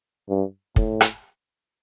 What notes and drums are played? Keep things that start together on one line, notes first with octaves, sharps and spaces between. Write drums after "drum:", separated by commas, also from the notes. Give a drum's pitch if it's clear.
G2
A2, drum: kick
drum: rim click